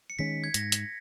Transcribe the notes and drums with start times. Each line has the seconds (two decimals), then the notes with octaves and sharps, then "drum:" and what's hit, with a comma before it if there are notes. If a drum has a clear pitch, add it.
0.10 C#7
0.19 D#3 G#3 C#4 B6
0.44 G#6
0.54 G#2 A#6, drum: hi-hat
0.72 drum: hi-hat